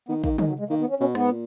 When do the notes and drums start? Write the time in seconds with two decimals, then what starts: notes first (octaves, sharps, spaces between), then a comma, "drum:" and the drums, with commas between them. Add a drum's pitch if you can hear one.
0.08 D#3 B3
0.24 D#3 A#3, drum: kick, tambourine
0.38 D#3 G#3, drum: tom
0.49 F#3
0.59 G#3
0.69 D#3 A#3
0.80 B3
0.90 C#4
1.00 B2 C#4
1.15 G#2 B3, drum: rim click
1.31 A#2